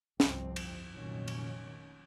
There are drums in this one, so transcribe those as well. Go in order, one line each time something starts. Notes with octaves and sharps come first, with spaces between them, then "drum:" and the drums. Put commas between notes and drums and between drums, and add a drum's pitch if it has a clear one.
G1 C2 F2 C4, drum: snare
drum: cymbal
F1 A#2 D#3 F#3 C#4
drum: cymbal